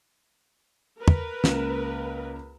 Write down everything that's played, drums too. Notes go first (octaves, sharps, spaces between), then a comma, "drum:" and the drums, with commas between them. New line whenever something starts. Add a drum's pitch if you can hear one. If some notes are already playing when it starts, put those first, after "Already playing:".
A#4 B4
drum: tom
C#2 A#3 E7, drum: snare